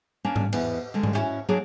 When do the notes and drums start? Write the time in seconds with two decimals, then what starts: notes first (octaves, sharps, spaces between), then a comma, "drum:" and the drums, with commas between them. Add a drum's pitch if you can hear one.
0.24 A#3 C#4 D4
0.36 drum: tom G#2
0.53 E2 B3 E4, drum: cymbal
0.94 D3 G#3
1.03 drum: tom G#2
1.13 G3 C#4 E4 F#4
1.49 F#3 A#3 D4 F#4 G#4